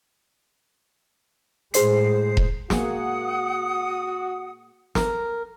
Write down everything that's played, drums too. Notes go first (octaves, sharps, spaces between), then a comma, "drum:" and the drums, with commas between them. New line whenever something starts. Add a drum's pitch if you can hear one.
A2 G#3 G#4 C5 C7, drum: hi-hat
drum: kick E1
A#3 F#4 G#4 F#5 D#6, drum: snare
A#4, drum: snare